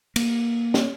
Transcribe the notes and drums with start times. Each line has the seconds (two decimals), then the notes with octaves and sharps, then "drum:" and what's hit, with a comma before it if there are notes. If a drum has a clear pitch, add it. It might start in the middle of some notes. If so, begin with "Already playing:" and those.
0.16 A#3, drum: cymbal
0.74 drum: snare